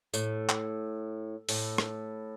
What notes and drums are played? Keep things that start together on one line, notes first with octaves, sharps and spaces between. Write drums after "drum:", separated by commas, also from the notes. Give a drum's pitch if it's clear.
A2, drum: tambourine
drum: clap
A2, drum: open hi-hat
drum: rim click